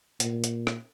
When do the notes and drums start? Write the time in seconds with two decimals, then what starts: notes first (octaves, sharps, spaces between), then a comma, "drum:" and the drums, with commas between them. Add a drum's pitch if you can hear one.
0.20 A#2, drum: hi-hat
0.44 drum: hi-hat
0.67 drum: rim click